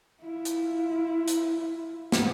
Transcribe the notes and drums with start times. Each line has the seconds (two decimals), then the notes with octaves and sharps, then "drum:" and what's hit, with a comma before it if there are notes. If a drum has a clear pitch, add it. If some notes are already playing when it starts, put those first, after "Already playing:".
0.22 E4 F4
0.45 drum: hi-hat
1.28 drum: hi-hat
2.12 drum: snare